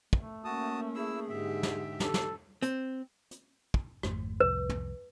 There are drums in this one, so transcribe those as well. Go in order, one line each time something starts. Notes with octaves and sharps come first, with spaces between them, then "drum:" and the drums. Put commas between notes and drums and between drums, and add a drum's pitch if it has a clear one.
A3, drum: kick
A#3 C#4 F#4 A5 D#6
E4 G#4 E6
G#2 D3 G4 E5
drum: snare
G4 A4, drum: snare
drum: snare
C4, drum: hi-hat
drum: hi-hat
drum: kick
G#1 F2 A3, drum: rim click
C2 F2 A2 B4
drum: tom